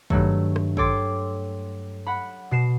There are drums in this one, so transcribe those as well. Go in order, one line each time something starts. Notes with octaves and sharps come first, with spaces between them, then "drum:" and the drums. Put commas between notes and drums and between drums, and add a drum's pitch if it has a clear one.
G2 D#3 F#3 A3, drum: kick
drum: rim click
A4 C#5 G5 C6 D6 A6, drum: kick
F#5 B5
B2 C7 E7